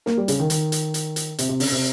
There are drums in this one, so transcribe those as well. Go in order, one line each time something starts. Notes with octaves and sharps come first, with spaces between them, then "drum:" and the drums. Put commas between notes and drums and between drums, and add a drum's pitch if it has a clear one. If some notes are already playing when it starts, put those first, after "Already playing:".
A#3, drum: snare
G3
C#3, drum: hi-hat
D#3
D#3, drum: hi-hat
drum: hi-hat
drum: hi-hat
drum: hi-hat
C3, drum: hi-hat
C3
C#3, drum: open hi-hat
C3